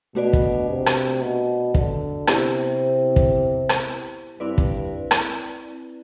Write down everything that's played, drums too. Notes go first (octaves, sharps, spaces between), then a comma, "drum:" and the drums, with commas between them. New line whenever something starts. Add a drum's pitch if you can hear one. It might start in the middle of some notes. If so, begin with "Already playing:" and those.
B2 A3 D4 F#4 B4 D5
drum: kick
C3
drum: rim click
B2
D3, drum: kick
C3 B3 E4 G4 C5, drum: rim click
drum: kick
drum: rim click
G2 C4 E4 B4 D5
drum: kick
drum: rim click